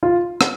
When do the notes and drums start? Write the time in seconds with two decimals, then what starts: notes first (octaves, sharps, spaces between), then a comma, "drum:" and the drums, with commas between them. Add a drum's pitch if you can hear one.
0.03 F4
0.41 drum: rim click